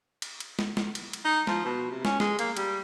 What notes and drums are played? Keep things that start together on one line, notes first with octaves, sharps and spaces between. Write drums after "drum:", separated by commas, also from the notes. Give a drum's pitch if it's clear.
drum: cymbal
drum: cymbal
drum: snare
drum: snare
drum: cymbal
drum: cymbal
D#4
F3, drum: snare
B2
C3
C#4, drum: snare
G#3, drum: snare
A#3, drum: cymbal
G3, drum: cymbal